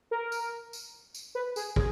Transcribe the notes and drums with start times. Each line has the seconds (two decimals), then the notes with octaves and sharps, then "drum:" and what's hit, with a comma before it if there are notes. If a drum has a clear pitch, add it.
0.11 A#4
0.32 drum: tambourine
0.73 drum: tambourine
1.14 drum: tambourine
1.35 B4
1.56 G#4, drum: tambourine
1.76 G#4, drum: kick